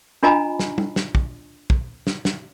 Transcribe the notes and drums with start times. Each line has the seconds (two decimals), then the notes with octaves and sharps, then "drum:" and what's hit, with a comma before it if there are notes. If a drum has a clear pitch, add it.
0.23 D4 F4 D#5 G#5 A#5 B5
0.59 drum: snare
0.78 drum: tom
0.96 drum: snare
1.15 drum: kick
1.70 drum: kick
2.07 drum: snare
2.25 drum: snare